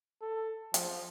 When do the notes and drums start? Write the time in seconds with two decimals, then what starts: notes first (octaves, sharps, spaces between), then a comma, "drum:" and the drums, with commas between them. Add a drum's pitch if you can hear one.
0.22 A4
0.74 F3, drum: hi-hat